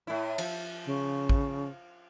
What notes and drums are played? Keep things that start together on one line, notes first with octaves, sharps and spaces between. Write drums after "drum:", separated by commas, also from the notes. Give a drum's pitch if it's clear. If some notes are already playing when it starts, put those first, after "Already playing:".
A2 E4
F3, drum: cymbal
C#3
drum: kick